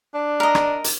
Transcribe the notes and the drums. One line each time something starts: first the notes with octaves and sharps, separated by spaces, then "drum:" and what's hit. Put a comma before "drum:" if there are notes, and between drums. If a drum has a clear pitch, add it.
D4
A#4 D#5
drum: rim click
drum: hi-hat